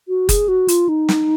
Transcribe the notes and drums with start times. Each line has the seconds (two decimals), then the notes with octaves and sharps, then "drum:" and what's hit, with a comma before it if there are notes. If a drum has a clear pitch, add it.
0.08 F#4
0.29 G#4, drum: kick F#1, hi-hat
0.48 F#4
0.68 F4, drum: hi-hat
0.89 D#4
1.09 drum: snare